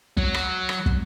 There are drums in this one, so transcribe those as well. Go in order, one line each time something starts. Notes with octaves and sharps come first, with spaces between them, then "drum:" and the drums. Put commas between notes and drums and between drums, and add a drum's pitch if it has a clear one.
F#3, drum: kick
drum: rim click
drum: rim click
drum: kick